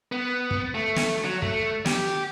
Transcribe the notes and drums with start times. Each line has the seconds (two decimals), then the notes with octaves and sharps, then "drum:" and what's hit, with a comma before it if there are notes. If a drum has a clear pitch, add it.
0.12 B3
0.51 drum: kick
0.74 A3
0.96 drum: snare
1.25 F#3
1.42 A3, drum: kick
1.86 G4, drum: snare